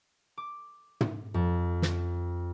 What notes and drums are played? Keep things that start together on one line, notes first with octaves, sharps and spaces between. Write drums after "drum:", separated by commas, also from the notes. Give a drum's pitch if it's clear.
D6
drum: tom
F2
drum: snare